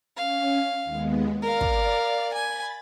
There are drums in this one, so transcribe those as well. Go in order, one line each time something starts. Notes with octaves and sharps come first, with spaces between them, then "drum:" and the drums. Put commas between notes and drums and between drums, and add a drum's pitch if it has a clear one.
C#4 F5
D#2 G#3 B3
A#4 D5 F5
drum: kick
G#5 B5 A6